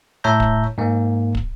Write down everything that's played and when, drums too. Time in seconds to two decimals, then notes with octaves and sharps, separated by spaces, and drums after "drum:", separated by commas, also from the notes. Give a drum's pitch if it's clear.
0.24 A2 C#5 E5 A5 A#5 G6
0.40 drum: kick
0.78 G#2 A#3
1.35 drum: kick